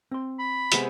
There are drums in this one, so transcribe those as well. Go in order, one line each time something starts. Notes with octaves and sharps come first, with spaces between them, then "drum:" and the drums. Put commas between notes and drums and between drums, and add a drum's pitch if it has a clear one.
C4 C6
B5
C3 G#3 B3, drum: hi-hat